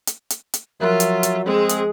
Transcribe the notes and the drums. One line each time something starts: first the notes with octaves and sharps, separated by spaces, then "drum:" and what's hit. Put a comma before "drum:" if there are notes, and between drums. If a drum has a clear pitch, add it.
drum: hi-hat
drum: hi-hat
drum: hi-hat
F3 F#3 F4 A#4 E5 F#6
drum: hi-hat
drum: hi-hat
G#3 C4 G#4
drum: hi-hat